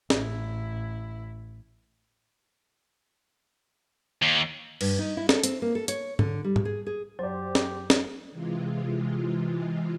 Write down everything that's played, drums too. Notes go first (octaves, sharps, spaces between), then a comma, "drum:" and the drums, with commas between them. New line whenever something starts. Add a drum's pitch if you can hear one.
A1 E4, drum: snare
D#2
G2, drum: cymbal
D#4
E4
A4, drum: snare
C4, drum: hi-hat
A#3
A4
C#5, drum: hi-hat
D3, drum: tom G#2
G3
drum: tom G#2
G#4
G#4
F#2 F#3 G4 C5 D5
drum: snare
drum: snare
C3 E3 G#3 F4